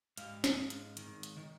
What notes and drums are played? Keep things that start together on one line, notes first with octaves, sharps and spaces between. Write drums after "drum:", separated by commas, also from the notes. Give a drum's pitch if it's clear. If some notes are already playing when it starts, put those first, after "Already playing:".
G#2 F5, drum: hi-hat
drum: snare
G#3
drum: hi-hat
D#3, drum: hi-hat
drum: hi-hat
D#3